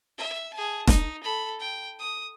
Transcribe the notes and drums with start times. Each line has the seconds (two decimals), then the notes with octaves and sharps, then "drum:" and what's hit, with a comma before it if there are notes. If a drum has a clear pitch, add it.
0.18 E5
0.53 G#4 A5
0.87 D#4, drum: snare E1
1.23 A4 B5
1.60 G5
1.99 D#6